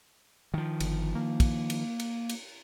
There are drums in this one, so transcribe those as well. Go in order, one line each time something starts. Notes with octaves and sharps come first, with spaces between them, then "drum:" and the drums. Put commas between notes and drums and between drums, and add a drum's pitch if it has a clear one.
D#3 F3
G1, drum: cymbal
A#3
drum: kick, cymbal
drum: cymbal
drum: cymbal
drum: cymbal